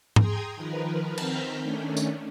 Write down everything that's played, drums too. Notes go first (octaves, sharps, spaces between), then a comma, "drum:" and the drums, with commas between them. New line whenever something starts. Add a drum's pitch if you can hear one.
G#4 G5 A#5 C6 D#6 G#6, drum: tom G#2
D#3 F3 A#4 B4
D#3 C4 A#5 F6 G6 B6, drum: cymbal
D#3 A3 C#4 D4
drum: tambourine